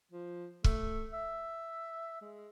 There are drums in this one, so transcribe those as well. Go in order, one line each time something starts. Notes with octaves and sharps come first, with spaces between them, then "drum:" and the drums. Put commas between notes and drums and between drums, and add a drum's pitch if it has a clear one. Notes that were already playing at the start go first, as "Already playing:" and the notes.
F3
A3, drum: kick
E5
G#3